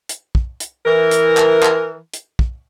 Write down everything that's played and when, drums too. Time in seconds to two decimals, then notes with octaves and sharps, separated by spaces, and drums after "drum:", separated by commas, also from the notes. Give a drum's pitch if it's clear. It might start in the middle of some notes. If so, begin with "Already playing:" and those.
0.09 drum: hi-hat
0.35 drum: kick
0.60 drum: hi-hat
0.86 E3 A#4
1.11 drum: hi-hat
1.37 drum: clap
1.62 drum: clap
2.14 drum: hi-hat
2.39 drum: kick